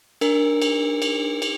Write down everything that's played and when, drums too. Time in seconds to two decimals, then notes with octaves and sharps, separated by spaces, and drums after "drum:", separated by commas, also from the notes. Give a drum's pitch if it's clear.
0.21 D4 A#4, drum: cymbal
0.62 drum: cymbal
1.02 drum: cymbal
1.42 drum: cymbal